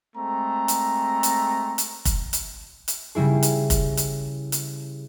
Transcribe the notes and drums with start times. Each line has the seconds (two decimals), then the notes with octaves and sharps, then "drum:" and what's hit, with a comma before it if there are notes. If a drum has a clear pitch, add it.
0.15 G#3 A3 C4 A#5
0.68 drum: hi-hat
1.23 drum: hi-hat
1.78 drum: hi-hat
2.05 drum: kick F1, hi-hat
2.33 drum: hi-hat
2.88 drum: hi-hat
3.15 C#3 G3 E4 G#4
3.43 drum: hi-hat
3.70 drum: kick F1, hi-hat
3.97 drum: hi-hat
4.52 drum: hi-hat